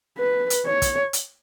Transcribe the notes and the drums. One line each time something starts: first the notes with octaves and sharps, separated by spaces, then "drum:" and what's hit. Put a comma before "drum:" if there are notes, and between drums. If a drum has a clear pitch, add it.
B4
drum: hi-hat
C#5
drum: kick, hi-hat
drum: hi-hat